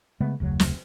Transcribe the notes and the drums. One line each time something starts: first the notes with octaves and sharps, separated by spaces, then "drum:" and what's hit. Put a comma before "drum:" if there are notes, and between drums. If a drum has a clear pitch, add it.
C#3 G#3 A3 B3
F1 D2 C#3 F#3
drum: snare